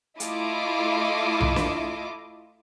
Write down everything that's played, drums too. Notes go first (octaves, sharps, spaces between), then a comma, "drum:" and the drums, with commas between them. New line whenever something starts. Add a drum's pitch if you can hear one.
A3 E4 F4 D#5 D6, drum: hi-hat
drum: tom B1
drum: snare